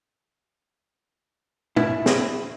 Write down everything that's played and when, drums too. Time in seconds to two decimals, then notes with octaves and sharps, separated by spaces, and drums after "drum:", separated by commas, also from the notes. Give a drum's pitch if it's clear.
1.76 E4, drum: tom
2.06 drum: snare